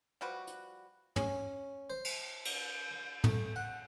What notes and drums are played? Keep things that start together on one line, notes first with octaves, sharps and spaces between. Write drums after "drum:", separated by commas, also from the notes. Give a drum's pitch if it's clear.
F3 G3 F#4 B4
drum: hi-hat
C#4, drum: tom
C5
drum: cymbal
drum: cymbal
A3, drum: tom
F#5